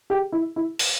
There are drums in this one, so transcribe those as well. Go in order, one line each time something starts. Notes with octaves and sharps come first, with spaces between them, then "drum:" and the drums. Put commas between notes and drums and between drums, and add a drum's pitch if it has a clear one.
G4
E4
E4
drum: open hi-hat